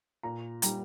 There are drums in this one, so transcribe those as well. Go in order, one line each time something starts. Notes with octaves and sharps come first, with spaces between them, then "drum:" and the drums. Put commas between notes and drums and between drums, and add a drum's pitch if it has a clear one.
A#2 A#5
G3 A#5, drum: hi-hat